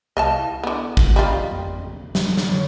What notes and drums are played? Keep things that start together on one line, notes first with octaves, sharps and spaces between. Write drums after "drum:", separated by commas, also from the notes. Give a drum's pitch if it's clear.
C2 D#5 F5 A5
E4
D3 B3
drum: kick
G3 F4 D#5 A#5 C6
F2
drum: snare
drum: snare
D3 D#3 C#5